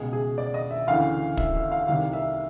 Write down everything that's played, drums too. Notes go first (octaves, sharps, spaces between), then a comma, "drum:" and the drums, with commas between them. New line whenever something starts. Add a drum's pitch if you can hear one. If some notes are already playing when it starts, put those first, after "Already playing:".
Already playing: C#2 B2 G#4
G#4
D5
D#5
E5
D2 C#3 E3 F5
E5, drum: kick
E5
F5
C2 C3 D#3 F5
E5